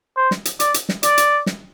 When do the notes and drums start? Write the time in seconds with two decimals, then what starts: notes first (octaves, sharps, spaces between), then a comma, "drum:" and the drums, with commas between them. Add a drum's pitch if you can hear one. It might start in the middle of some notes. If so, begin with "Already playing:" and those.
0.16 C5
0.31 drum: snare
0.45 drum: hi-hat
0.60 D5, drum: hi-hat
0.74 drum: hi-hat
0.89 drum: snare
1.03 D5, drum: hi-hat
1.18 drum: hi-hat
1.46 drum: snare